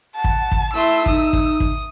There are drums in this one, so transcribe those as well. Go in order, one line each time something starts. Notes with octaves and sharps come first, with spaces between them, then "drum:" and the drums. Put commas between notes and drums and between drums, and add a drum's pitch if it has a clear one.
F#5 A5
drum: kick
drum: kick
A3 E4 C6 E6
D#4 D#6, drum: kick
drum: kick
drum: kick